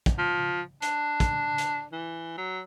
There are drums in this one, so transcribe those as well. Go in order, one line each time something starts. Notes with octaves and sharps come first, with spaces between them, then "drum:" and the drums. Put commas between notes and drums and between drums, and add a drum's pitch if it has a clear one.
drum: kick, hi-hat
F3
D4, drum: hi-hat
drum: kick, hi-hat
drum: hi-hat
E3
F#3